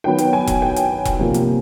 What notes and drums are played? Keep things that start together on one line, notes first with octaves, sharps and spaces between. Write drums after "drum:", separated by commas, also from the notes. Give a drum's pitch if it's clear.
D#3 F#3 B3 G5
drum: hi-hat
G#5
drum: kick E1, hi-hat
G5
drum: hi-hat
drum: kick E1, hi-hat
C3 F3 A#3
drum: hi-hat